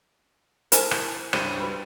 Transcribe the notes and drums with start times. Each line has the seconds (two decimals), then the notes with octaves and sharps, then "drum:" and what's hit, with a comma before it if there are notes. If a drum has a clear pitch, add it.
0.72 E4 A#4 C5 G#5 A5, drum: hi-hat
0.91 drum: rim click
1.33 C#2 G2 G3 C5 C#5 D#7, drum: rim click
1.60 F#4 B4 B5